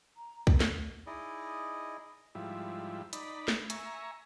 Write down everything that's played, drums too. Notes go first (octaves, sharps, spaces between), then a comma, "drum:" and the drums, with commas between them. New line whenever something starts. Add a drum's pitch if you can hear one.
A#5
B3, drum: kick B1
drum: snare
D#4 E4 G#4 D5 D#5
G#2 F3 G3 E4
D#4 D5 B5, drum: hi-hat
drum: snare
E5 G#5 A#5 C#6, drum: hi-hat